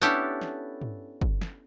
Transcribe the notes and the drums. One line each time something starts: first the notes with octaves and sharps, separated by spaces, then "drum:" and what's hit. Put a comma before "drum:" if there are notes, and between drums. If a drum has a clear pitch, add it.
B3 C#4 D4 E4 G4 A4
drum: snare
drum: tom
drum: kick G1
drum: snare